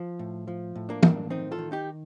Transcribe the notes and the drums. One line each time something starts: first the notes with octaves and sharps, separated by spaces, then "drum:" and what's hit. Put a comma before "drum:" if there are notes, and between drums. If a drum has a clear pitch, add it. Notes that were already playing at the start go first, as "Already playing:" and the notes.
Already playing: F3
A2
F3
A2
A#3 D4
A2, drum: tom
D#3 C4 D#4
F4 A4
D#3
D#4 G4